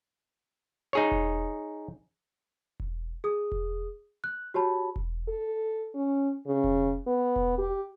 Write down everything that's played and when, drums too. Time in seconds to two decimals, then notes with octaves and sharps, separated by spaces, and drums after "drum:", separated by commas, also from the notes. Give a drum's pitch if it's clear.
0.93 D#4 G#4 C#5
1.12 drum: kick E1
2.80 drum: kick E1
3.24 G#4 D#6
3.52 drum: kick E1
4.24 F#6
4.54 F#4 G4 C#5 A5 B5
4.96 drum: kick E1
5.28 A4
5.95 C#4
6.47 C#3
6.64 drum: kick E1
7.07 B3
7.36 drum: kick E1
7.58 G4